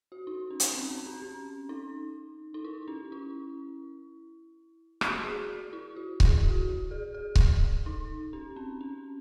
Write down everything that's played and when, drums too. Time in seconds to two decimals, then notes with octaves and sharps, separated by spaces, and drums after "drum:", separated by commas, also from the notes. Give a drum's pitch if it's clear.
0.12 F#4
0.27 D#4
0.51 C#4
0.60 drum: hi-hat
0.75 C4
0.91 C4
1.06 C#4
1.22 C#4
1.69 D#4
2.54 D#4
2.65 E4
2.88 C#4
3.12 E4
5.01 F#4, drum: rim click
5.24 G#4
5.48 G#4
5.73 E4
5.96 F#4
6.20 G#4, drum: kick C#1
6.43 F#4
6.91 G#4
7.14 G#4
7.36 drum: kick C#1
7.86 D#4
8.33 C#4
8.56 C4
8.81 C#4